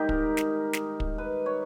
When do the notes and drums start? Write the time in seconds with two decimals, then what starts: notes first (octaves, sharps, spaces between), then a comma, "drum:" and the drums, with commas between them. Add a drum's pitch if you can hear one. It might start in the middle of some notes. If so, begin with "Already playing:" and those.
Already playing: G#2 D#3 G3 D#4 G4
0.09 A#4, drum: kick
0.37 drum: snare
0.73 drum: snare
1.00 drum: kick
1.18 B4
1.46 C#5